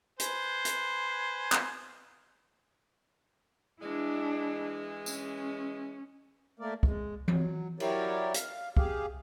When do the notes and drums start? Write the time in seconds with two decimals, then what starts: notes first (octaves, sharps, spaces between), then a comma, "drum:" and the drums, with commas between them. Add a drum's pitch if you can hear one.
0.20 B4 C5 G#5, drum: hi-hat
0.65 drum: hi-hat
1.52 drum: clap
3.82 E3 G#3 D4 E4
5.06 C#4, drum: tambourine
6.59 A3 A#3 A#4 D5
6.83 G#3, drum: kick
7.28 F#3, drum: tom E3
7.80 F#3 E4 G4 A#4 C#5 D5, drum: cymbal
8.34 F5, drum: hi-hat
8.77 G4 G#4 F5, drum: kick